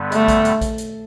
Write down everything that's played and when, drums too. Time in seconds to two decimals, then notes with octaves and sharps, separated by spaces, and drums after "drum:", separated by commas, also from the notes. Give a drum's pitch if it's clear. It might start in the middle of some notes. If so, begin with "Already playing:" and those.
Already playing: G2 D3 G3 B3
0.12 A3, drum: hi-hat
0.28 drum: kick A#1, hi-hat
0.45 drum: hi-hat
0.61 drum: kick A#1, hi-hat
0.78 drum: hi-hat